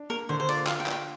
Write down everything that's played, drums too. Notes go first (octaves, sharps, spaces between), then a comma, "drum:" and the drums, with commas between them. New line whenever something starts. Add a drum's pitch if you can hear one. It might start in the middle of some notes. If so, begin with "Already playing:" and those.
Already playing: D4
A#3 A#4
D3 C5
C5
F4 D5, drum: cymbal
F4 F5, drum: clap
G5
D4, drum: clap
G5